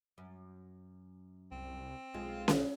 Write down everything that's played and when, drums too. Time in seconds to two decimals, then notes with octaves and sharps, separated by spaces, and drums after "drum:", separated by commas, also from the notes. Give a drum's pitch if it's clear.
0.18 F#2
1.52 C2 C4
2.14 B1 G#3 F4
2.48 drum: snare C#4